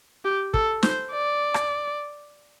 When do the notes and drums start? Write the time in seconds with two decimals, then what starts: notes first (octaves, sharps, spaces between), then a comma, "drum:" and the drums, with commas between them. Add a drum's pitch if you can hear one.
0.25 G4
0.54 A4, drum: kick
0.83 C5, drum: snare
1.12 D5
1.54 drum: rim click